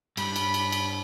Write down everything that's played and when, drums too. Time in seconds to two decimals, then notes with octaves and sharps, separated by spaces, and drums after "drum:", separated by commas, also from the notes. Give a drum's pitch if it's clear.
0.17 G2 B5, drum: cymbal
0.36 drum: cymbal
0.54 drum: cymbal
0.72 drum: cymbal